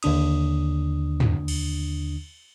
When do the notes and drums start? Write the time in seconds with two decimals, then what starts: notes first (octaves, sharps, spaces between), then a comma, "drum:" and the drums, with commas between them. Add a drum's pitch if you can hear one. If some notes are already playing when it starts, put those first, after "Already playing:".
0.03 D#2 D3 D4 D#6, drum: cymbal
1.20 drum: tom
1.48 drum: cymbal